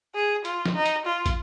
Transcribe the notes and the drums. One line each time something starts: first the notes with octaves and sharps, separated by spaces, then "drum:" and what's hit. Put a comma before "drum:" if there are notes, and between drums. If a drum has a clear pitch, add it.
G#4
F4, drum: hi-hat
drum: snare
D#4
drum: hi-hat
F4
drum: kick, hi-hat